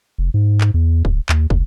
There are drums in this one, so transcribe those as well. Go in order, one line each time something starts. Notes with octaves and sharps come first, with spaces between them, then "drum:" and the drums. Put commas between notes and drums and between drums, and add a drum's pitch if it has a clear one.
F1
G#2
drum: clap
E2
D1, drum: kick
D#2, drum: clap
F1, drum: kick